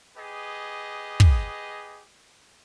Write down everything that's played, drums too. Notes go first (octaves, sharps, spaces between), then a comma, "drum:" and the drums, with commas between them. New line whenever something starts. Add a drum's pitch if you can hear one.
G4 G#4 B4 D#5
drum: kick